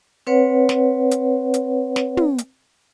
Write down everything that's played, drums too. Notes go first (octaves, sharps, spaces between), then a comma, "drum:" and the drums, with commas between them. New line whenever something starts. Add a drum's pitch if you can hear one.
C4 B4 C#5 F#5
drum: snare
drum: hi-hat
drum: hi-hat
drum: snare
drum: tom
drum: hi-hat